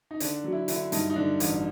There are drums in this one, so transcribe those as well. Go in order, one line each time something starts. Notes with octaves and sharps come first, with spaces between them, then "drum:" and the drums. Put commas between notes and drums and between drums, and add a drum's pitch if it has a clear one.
D#4
D3 D4, drum: hi-hat
F#3
E4
D3 E4, drum: hi-hat
G2 D#4, drum: hi-hat
D#4
D3 D4
A1, drum: hi-hat